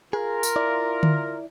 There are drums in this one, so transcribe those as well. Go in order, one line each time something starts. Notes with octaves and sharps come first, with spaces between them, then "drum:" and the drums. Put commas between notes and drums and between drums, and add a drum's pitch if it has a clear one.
F4 G#4 A#4
drum: tambourine
E4 D5
drum: tom D3